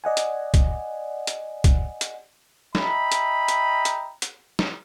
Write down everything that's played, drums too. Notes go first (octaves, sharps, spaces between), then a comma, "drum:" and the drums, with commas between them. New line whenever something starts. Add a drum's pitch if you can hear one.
D5 D#5 F#5 G#5
drum: hi-hat
drum: kick, hi-hat
drum: hi-hat
drum: kick, hi-hat
drum: hi-hat
D#5 E5 G5 A#5 B5, drum: snare
drum: hi-hat
drum: hi-hat
drum: hi-hat
drum: hi-hat
drum: snare